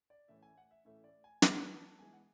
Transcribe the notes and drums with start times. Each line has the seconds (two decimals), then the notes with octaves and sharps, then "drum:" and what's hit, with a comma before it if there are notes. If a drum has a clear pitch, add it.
0.10 D5
0.28 A2 E3 A3 C#4 E5
0.43 G#5
0.57 F#5
0.71 E5
0.85 A2 E3 A3 C#4 E5
1.04 D5
1.24 G#5
1.42 E3 G#3 B3 B4, drum: snare
1.62 B4
1.80 A5
1.99 E3 G#3 B3 G#5
2.13 F#5